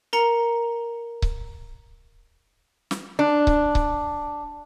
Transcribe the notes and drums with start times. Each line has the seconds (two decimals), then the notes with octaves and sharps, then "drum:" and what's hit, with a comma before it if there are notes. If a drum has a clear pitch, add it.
0.13 A#4 A#5 C#7
1.22 drum: kick C#1
2.91 drum: snare
3.19 D4
3.47 drum: kick C#1
3.75 drum: kick C#1